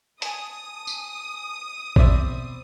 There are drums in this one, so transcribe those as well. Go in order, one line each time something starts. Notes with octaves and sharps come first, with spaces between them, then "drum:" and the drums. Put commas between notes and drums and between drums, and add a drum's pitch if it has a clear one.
G#5 A5 D#6, drum: hi-hat
drum: tambourine
B2 C4 D5 E5, drum: kick A#1